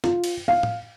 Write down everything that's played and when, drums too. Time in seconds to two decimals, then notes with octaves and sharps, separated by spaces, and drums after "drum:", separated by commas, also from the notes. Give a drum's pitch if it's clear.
0.04 F4, drum: snare
0.24 drum: cymbal
0.48 F5
0.63 drum: tom